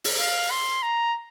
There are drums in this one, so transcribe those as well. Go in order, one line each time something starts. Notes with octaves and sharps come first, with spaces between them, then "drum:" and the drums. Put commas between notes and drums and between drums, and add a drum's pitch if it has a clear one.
drum: open hi-hat
F5
C6
A#5